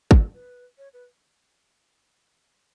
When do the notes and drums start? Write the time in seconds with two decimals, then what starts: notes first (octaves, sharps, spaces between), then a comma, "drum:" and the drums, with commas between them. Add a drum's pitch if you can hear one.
0.11 A4, drum: kick
0.34 B4
0.78 C#5
0.93 B4